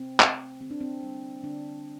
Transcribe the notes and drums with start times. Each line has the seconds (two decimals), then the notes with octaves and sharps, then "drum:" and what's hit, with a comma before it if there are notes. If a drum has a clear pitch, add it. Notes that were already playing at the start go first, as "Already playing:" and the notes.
Already playing: C4
0.20 A3, drum: clap
0.61 D3 C4
0.71 D4
0.81 C4
1.03 G3 A#3
1.43 D3 D4